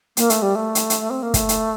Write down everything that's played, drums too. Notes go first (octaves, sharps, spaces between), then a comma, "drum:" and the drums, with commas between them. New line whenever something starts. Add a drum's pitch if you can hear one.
A#3, drum: hi-hat
A3, drum: hi-hat
G3
A3
drum: hi-hat
drum: hi-hat
C4
A#3
A3, drum: kick, hi-hat
drum: hi-hat